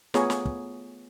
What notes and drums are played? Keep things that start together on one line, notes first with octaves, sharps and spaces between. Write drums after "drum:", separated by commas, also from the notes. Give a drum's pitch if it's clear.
A3 B3 F4 G#4 C#5 A#5, drum: snare
drum: snare
drum: kick